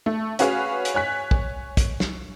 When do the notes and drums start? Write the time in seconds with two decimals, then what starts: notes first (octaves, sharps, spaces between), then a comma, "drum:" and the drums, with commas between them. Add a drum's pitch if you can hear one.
0.06 A3
0.39 C#4 F#4 G#4 B4 F5, drum: hi-hat
0.85 drum: hi-hat
0.94 C#5 G#5 F#6 B6
1.31 drum: kick
1.77 drum: kick, hi-hat
2.00 drum: snare